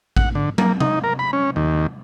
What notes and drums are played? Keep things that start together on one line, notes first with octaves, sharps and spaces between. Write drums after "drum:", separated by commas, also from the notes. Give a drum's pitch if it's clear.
F#5, drum: kick A1
D3
A#3, drum: tom
D#4, drum: tom C3
A#4
B5
C#4
D#2